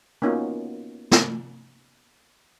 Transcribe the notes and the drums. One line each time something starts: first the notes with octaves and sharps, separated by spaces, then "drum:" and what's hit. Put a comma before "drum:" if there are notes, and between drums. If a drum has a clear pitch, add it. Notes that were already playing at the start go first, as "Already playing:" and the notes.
A#3 B3 C#4 D#4 F4 F#4
drum: snare